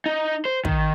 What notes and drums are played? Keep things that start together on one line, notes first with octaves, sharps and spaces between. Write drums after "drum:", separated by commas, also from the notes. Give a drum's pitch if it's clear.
D#4
C5
D#3, drum: kick